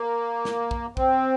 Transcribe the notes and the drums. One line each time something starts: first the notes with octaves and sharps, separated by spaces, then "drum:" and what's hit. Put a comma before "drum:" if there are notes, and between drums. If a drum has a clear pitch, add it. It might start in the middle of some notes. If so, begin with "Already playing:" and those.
Already playing: A#3
drum: snare
drum: kick
C4, drum: kick